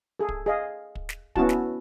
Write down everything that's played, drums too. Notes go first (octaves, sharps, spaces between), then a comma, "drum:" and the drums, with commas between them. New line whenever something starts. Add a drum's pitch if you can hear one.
G#4 A4
drum: kick
G#4 D#5 F5
drum: kick
drum: snare
B3 C#4 E4 F#4 A5, drum: kick
drum: snare